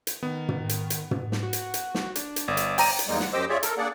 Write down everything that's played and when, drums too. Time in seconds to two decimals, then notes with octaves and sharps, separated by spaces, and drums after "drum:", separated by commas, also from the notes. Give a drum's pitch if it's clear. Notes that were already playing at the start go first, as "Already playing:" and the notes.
0.07 drum: hi-hat
0.23 D#3 B3
0.49 drum: tom
0.69 drum: hi-hat
0.90 drum: hi-hat
1.11 drum: tom
1.32 drum: snare
1.43 F#4
1.53 drum: hi-hat
1.74 drum: hi-hat
1.95 drum: snare
2.15 D4, drum: hi-hat
2.36 drum: hi-hat
2.48 G1 D5
2.57 drum: hi-hat
2.78 G5 A#5 D#7, drum: open hi-hat
2.99 drum: hi-hat
3.08 E2 G3 G#3 A#3 D#4
3.20 F#5, drum: snare
3.33 F#2 G4 C5 D#5 D6 E6
3.49 F4 G#4 C#5 D5 E5
3.63 A4 A#4, drum: hi-hat
3.78 A#3 D4 G#4 D5 F#5